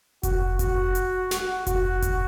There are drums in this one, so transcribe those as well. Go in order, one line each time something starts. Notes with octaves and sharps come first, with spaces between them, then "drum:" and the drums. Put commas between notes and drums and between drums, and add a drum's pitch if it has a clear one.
F#4, drum: kick F1, hi-hat
F#4, drum: kick F1, hi-hat
drum: hi-hat
F#4, drum: snare
F#4, drum: kick F1, hi-hat
drum: kick F1, hi-hat